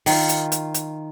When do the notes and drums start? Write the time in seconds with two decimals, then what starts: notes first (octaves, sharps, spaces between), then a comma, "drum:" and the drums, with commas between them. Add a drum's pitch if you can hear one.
0.06 D#3 F4, drum: open hi-hat
0.29 drum: hi-hat
0.52 drum: hi-hat
0.74 drum: hi-hat